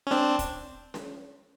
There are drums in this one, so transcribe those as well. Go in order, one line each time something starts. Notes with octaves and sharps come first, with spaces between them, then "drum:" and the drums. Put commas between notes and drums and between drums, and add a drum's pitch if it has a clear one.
C#4
C4 D4, drum: snare C#4
drum: kick, hi-hat
drum: snare C#4